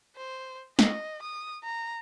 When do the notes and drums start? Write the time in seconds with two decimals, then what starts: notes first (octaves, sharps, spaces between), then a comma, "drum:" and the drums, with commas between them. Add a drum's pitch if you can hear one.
0.17 C5
0.79 D#5, drum: snare
1.22 D#6
1.63 A#5